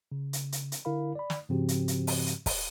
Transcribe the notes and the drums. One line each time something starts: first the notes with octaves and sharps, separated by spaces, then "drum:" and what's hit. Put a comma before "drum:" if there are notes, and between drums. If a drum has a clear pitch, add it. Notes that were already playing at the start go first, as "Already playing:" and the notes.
C#3
drum: hi-hat
drum: hi-hat
drum: hi-hat
D3 E4 A#4 F5 B5
D5 B5
drum: snare
G#2 C#3 F3 C4 F#4 G4
drum: hi-hat
drum: hi-hat
drum: open hi-hat
drum: hi-hat
drum: kick, open hi-hat